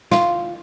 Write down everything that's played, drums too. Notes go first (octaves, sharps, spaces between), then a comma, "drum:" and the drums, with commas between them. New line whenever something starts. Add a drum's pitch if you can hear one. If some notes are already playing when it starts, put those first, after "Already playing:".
F4, drum: snare